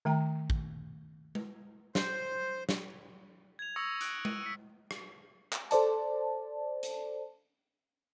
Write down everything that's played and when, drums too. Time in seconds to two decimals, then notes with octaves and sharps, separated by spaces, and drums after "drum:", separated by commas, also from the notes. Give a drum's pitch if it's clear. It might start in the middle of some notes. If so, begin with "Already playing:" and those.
0.05 D#3 A3 G5 A#5
0.50 drum: kick
1.35 drum: tom G#3
1.95 C5, drum: snare
2.69 drum: snare
3.59 G#6 F7
3.76 C#6 D#6 E6 A#6 C#7
4.01 D#6 F#6 D7, drum: hi-hat
4.25 D#7, drum: tom G#3
4.43 B6 C#7
4.91 drum: rim click
5.53 drum: clap
5.71 A4 C5 D5 A5, drum: hi-hat
6.83 drum: hi-hat